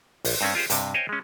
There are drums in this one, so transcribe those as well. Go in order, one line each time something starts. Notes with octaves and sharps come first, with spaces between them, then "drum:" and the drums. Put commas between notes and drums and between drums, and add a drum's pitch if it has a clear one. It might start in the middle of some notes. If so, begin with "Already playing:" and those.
A#1, drum: open hi-hat
G2 C4 C#4
F4 G4 G#4 C5
G2 C3, drum: hi-hat
C5 C#5 D#5 F5 G5 G#5
G#3 C#4